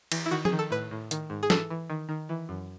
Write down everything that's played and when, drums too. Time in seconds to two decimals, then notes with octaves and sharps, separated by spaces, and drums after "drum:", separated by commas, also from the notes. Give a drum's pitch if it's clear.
0.12 E3, drum: cymbal
0.26 E4
0.31 D#3 F#4
0.45 G#4, drum: tom F3
0.52 D#3
0.59 A4
0.71 A2 B4
0.91 A2
1.11 D#3, drum: hi-hat
1.30 G#2
1.43 G#4
1.50 E3 A4, drum: snare
1.70 E3
1.90 D#3
2.09 D#3
2.29 E3
2.49 F#2